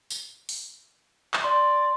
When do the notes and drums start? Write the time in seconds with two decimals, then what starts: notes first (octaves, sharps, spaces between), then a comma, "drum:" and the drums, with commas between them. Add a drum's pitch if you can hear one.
0.10 drum: tambourine
0.49 drum: open hi-hat
1.34 drum: clap
1.44 D5 C6